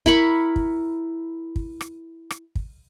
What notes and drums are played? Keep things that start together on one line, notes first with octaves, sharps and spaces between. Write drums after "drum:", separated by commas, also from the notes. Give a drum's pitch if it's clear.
E4 A#4 B5 C#6, drum: kick
drum: kick
drum: kick
drum: rim click
drum: rim click
drum: kick